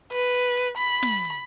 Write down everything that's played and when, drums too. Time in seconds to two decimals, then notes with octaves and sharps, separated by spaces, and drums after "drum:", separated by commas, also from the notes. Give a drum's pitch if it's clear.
0.12 B4, drum: hi-hat
0.35 drum: hi-hat
0.57 drum: hi-hat
0.77 B5, drum: open hi-hat
1.03 drum: snare
1.25 drum: hi-hat